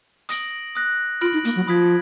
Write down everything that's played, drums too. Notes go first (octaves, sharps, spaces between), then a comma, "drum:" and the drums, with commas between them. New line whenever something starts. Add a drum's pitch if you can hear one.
D#6 A#6 D7 F#7, drum: hi-hat
D#6 F#6 A#6
F4 B5 F6 A#6 D7 F#7
D#4
A#3, drum: hi-hat
F#3
F3 B5 D#6 G#6 B6